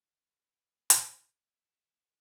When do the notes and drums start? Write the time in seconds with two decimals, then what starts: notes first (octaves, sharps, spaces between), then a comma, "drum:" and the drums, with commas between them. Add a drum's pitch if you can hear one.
0.19 B4
0.90 drum: hi-hat
1.52 E5